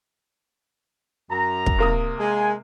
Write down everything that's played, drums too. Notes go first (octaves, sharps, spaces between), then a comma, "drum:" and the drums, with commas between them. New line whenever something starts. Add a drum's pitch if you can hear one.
F#2 A#5
drum: kick
C3 A#3 D#6
G#3 G#5